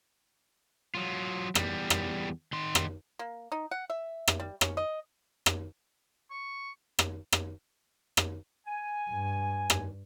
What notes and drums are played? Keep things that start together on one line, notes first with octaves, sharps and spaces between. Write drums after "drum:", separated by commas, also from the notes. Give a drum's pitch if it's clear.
F#3 F4
E2 G3, drum: rim click
drum: rim click
D#3 C6
drum: rim click
A#3
D#4
F#5
E5
drum: rim click
G3
C#4, drum: rim click
D#5
drum: rim click
C#6
drum: rim click
drum: rim click
drum: rim click
G#5
G2
drum: rim click